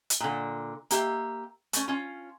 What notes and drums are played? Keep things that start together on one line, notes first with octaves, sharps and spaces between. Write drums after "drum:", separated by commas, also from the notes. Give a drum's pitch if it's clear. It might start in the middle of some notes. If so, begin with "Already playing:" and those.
drum: hi-hat
A#2 D3
A#3 G4 E5, drum: hi-hat
A3 C#4, drum: hi-hat
C#4 F4